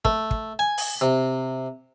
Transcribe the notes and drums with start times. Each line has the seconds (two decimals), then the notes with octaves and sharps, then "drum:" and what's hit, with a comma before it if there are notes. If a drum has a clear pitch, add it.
0.05 A3, drum: kick
0.31 drum: kick
0.59 G#5
0.78 drum: open hi-hat
1.01 C3